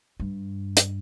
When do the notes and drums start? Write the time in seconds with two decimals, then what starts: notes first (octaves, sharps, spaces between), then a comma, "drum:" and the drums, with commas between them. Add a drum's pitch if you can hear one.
0.20 G2
0.77 drum: hi-hat